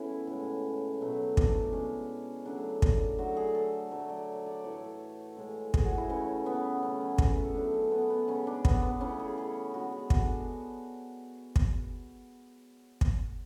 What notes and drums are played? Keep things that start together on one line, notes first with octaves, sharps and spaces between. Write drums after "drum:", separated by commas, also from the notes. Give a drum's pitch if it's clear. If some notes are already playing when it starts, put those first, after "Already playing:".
Already playing: C#3 E3 A3 B3 C#4 E4
A2 G#3
B2 F#3 A3
D4, drum: kick
B2 G#3 C#4
C#3 F#3 A3 D4
drum: kick
D3 F#3 A3 F#4
G#4
A4
D3 F#3 A3 C#5
D5
C#5
D5
A2 E3 A3 C#5
A4
A2 E3 G#3
G#4, drum: kick
F#4
E4
C#3 E3 A3 C#4
B3
C#3 F#3 A3 C#4
G#4
B4, drum: kick
B4
A4
A2 F#3 A3 D4
C#4
B3
B3
C#3 G#3 C#4
D4
B3, drum: kick
B3
C#3 E3 A3 C#4
G#4
G#4
D3 G#3 F#4
G#4
F#4, drum: kick
D4
drum: kick
drum: kick